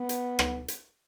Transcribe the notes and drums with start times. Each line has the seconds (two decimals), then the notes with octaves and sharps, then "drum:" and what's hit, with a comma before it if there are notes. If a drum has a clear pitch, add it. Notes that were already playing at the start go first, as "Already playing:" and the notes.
Already playing: B3
0.09 drum: hi-hat
0.39 drum: rim click
0.68 drum: hi-hat